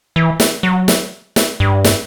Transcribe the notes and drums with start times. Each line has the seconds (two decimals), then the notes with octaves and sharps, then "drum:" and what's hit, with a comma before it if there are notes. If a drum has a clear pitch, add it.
0.16 E3
0.40 drum: snare
0.63 F#3
0.88 drum: snare
1.36 drum: snare
1.60 G2
1.84 drum: snare